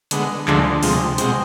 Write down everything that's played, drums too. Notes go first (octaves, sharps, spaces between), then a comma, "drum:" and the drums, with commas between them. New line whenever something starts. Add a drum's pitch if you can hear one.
D3 G#3 B3, drum: hi-hat
D2 D3 F3 G#3 D4, drum: clap
D2 C3 F3 G#3, drum: open hi-hat
B2 G#3 C4, drum: hi-hat